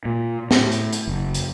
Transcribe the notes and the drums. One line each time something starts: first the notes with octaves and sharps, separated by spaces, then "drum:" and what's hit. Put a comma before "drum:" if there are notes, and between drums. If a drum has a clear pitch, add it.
A#2
A2, drum: snare
drum: hi-hat
drum: hi-hat
F#1
drum: hi-hat